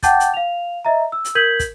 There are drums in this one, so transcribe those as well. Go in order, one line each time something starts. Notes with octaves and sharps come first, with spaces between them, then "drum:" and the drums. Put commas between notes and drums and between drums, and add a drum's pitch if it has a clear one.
F#5 G5 A5 D6 G6 A6, drum: kick, hi-hat
drum: hi-hat
F5 F7
D#5 E5 A#5
E6
drum: hi-hat
A#4 G6 G#6 B6 F#7
drum: kick, hi-hat